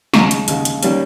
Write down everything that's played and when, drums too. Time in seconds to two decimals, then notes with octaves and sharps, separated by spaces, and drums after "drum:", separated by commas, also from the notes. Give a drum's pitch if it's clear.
0.14 D#2 C#3 G#3 A#5 C#6, drum: snare
0.31 drum: hi-hat
0.48 D#2 C#3 G#3, drum: hi-hat
0.65 drum: hi-hat
0.83 D#3 G3 A#3 C#4, drum: hi-hat